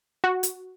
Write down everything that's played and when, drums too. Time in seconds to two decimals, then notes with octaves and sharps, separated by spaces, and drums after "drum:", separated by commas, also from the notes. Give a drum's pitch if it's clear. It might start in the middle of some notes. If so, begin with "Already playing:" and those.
0.24 F#4
0.43 drum: hi-hat